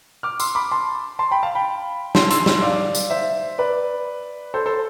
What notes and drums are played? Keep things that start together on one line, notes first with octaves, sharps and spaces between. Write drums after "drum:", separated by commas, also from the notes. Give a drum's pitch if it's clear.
D6 F6
C6 E6, drum: tambourine
B5 D6
A5 C6
A5 C6
G5 B5
F5 A5
G5 B5
A5 C6, drum: snare
C6 E6, drum: hi-hat
C6 E6, drum: snare
D5 F5
drum: tambourine
C5 E5
B4 D5
A4 C5
A4 C5